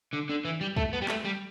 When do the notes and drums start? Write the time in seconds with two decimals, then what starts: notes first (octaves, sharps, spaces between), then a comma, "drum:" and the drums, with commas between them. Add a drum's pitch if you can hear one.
0.13 D3
0.29 D3
0.45 E3
0.61 G3
0.77 A3, drum: kick
0.93 B3
1.02 G3
1.08 A3, drum: clap
1.25 G3